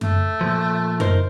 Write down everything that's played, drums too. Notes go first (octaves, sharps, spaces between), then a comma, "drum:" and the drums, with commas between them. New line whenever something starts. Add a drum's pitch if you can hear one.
A3, drum: tom F#2
A#2 F3
D#4 A#4 C5, drum: tom F#2